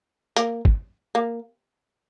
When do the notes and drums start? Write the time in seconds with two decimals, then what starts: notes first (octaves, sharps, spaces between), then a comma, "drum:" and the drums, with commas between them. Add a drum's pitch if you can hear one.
0.36 A#3, drum: hi-hat
0.65 drum: kick
1.15 A#3